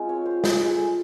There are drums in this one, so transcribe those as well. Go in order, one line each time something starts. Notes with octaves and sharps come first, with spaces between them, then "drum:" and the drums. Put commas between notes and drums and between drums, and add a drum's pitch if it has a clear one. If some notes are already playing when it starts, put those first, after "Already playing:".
Already playing: G#3 C4 F4
C#5
C5
B4, drum: snare
G#4
A4